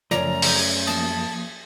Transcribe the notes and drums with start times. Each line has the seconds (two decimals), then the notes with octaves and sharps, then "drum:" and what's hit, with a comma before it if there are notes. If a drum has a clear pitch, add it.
0.11 F#2 C#3 F3 A3 C#4 D5 A#5
0.42 drum: open hi-hat
0.87 F3 A#3 A5 D#6